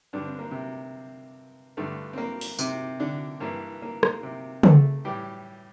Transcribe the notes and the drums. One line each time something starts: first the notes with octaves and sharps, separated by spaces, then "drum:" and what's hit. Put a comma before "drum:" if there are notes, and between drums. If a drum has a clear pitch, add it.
G2 D3 D4
C4
A#3
C3 C4
G2 D3 A3
C4
A#3
drum: open hi-hat
C3 C4, drum: tambourine
D3 D4
G2 E3 A#3
A#3
A#3, drum: rim click
C3 C4
A3 A4, drum: tom
A2 E3 G3 G4